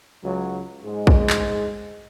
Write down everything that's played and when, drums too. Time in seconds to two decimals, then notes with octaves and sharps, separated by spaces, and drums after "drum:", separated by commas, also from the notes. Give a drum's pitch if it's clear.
0.24 C#2 F#3
0.84 G#2 G#3
1.07 drum: kick A#1
1.30 drum: clap